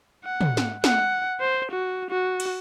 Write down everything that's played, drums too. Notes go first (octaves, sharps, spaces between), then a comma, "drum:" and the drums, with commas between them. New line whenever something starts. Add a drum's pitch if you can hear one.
F#5
drum: tom
drum: snare
F#5, drum: snare
C5
F#4
F#4
drum: cymbal